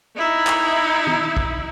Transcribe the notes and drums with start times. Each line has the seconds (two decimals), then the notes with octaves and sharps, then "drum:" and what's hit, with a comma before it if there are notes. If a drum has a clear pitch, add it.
0.17 D#4 E4
0.47 drum: clap
1.07 drum: tom
1.37 drum: kick